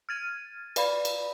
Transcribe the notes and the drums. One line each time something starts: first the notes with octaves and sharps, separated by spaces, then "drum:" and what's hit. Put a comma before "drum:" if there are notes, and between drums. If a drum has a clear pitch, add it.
F6 G#6 A6 D#7
B4 D5 F5 B5, drum: cymbal
drum: cymbal